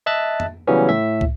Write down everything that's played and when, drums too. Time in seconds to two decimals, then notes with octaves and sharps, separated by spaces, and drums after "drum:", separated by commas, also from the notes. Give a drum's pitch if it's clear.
0.06 D#5 E5 A5 F#6 A6
0.40 drum: tom F2
0.67 C#3 E3 F#3 G3 B3 C#4
0.89 A2 E5
1.21 drum: kick